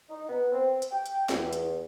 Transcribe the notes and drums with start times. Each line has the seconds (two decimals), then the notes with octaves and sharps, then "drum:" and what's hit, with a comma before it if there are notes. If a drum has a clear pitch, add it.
0.09 D#4
0.29 B3
0.52 C4
0.82 drum: hi-hat
0.91 G5
1.06 drum: hi-hat
1.29 E2, drum: snare
1.53 drum: hi-hat